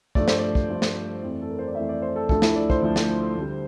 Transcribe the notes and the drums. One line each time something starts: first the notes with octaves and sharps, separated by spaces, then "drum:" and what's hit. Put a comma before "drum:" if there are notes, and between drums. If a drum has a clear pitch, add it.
G2 F3 A3 D5, drum: kick
C5, drum: snare
D5
drum: kick
G2 F3 A3
drum: snare
F2 E3 A3
A4
A#4
C5
D5
F2 E3 A3 E5
D5
C5
A4
D2 D3 F3 A3 A4, drum: kick
E4, drum: snare
D5
C5, drum: kick
D2 D3 F3 A3
drum: snare
D2 D3 G3